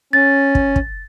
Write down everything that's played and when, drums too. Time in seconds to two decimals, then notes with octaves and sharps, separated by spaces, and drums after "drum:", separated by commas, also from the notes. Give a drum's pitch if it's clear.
0.13 C#4 A6
0.55 drum: kick
0.76 drum: kick